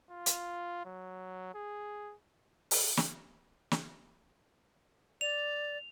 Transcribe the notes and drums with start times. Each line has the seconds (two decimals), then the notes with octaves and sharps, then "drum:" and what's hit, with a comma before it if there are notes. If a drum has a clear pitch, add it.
0.10 F4
0.26 drum: hi-hat
0.85 F#3
1.54 G#4
2.71 drum: open hi-hat
2.97 drum: snare
3.71 drum: snare
5.21 D5 F7